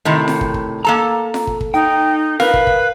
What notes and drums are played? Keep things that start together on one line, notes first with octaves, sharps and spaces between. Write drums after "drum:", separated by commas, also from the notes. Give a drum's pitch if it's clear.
A2 C3 D#3
drum: snare F4
drum: kick
drum: kick
A#3 A4 A5 A#5
drum: snare F4
drum: kick
drum: kick
D#4 G5
A#4 B4 F5, drum: snare F4
drum: kick
drum: kick